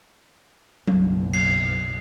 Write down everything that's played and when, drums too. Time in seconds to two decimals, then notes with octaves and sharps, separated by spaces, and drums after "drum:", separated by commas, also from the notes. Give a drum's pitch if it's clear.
0.87 F#1 B1, drum: tom F#3
1.34 C7, drum: cymbal